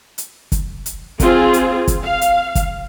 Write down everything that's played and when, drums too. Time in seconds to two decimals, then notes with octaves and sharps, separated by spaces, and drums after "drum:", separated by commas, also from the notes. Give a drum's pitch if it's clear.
0.18 drum: hi-hat
0.52 drum: kick, hi-hat
0.86 drum: hi-hat
1.20 C4 F4 G#4, drum: kick, hi-hat
1.54 drum: hi-hat
1.88 drum: kick, hi-hat
2.03 F5
2.21 drum: hi-hat
2.55 drum: kick, hi-hat